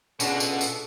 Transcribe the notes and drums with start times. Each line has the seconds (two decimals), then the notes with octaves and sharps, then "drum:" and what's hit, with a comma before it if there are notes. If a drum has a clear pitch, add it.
0.20 C#2 B2 C#4 D4 F#4 A4, drum: tambourine
0.40 drum: tambourine
0.61 drum: tambourine